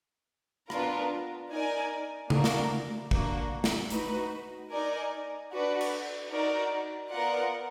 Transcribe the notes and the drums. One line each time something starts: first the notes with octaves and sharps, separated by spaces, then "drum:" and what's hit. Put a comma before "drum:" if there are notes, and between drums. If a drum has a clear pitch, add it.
B3 D4 F4 A#4, drum: rim click
D#4 A#4 D5 G#5
A#3 D4 F#4 A#4, drum: tom C#3
drum: snare
A#3 D4 F#4, drum: kick G#1
drum: snare
D#4 F#4 B4, drum: hi-hat
D#4 A#4 D5 G#5
D4 F#4 B4 D5
drum: cymbal
D#4 F#4 A#4 D5
B3 F4 A#4 D5 F#5